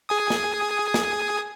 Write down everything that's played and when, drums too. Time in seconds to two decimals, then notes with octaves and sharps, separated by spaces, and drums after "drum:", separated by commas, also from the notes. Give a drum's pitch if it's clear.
0.09 G#4 G#5 D#6
0.30 drum: snare
0.94 drum: snare